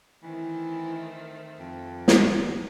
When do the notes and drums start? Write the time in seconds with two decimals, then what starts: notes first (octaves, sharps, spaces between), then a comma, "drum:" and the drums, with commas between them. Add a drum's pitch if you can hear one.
0.23 D#3 E3 A3 C4
1.59 F2
2.08 drum: snare